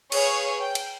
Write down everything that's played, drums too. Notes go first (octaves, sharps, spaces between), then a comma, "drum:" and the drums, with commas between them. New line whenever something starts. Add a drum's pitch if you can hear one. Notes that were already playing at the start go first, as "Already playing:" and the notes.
G#4 B4 C#5 F5 C#6, drum: cymbal
G5
drum: cymbal